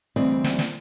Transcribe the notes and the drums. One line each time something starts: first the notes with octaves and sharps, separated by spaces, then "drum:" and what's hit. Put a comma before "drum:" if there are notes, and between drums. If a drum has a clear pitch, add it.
D2 E3 G3 C4 D#5
drum: snare
drum: snare